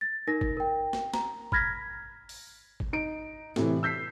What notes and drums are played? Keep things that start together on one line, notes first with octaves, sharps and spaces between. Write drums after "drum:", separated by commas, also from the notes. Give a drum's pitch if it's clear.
A6
D#4 A#4 A#6
drum: kick G1
A#4 G5
drum: snare
A#5, drum: snare
B5 F6 G#6 A#6 B6, drum: kick G1
drum: open hi-hat
drum: kick G1
D#4 D7
A2 C3 E3, drum: snare
E6 G6 B6 C7